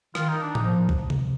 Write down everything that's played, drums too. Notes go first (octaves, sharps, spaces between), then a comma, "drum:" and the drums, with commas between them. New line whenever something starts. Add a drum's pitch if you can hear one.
D#3 F4, drum: rim click
D#4
D4
D#4, drum: tom A2
F3
drum: kick B1
drum: tom C3